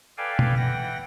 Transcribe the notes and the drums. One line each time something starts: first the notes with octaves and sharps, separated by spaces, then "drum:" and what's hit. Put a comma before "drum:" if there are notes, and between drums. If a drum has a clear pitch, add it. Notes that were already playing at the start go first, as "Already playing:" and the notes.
A4 B4 D5 F5 G5 G#5
drum: tom
E3 F#5 G5 A#6